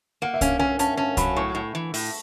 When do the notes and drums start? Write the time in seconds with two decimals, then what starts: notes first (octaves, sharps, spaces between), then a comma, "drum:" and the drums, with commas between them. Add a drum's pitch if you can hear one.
0.22 A#3 F#5
0.34 E5
0.41 C#4 F5, drum: kick C2, hi-hat
0.59 C#4 G#5
0.79 C#4 A5, drum: hi-hat
0.97 C#4 A5
1.17 F#3 B5, drum: kick C2, hi-hat
1.36 A2 C#6
1.55 A2
1.75 E3
1.94 A2, drum: open hi-hat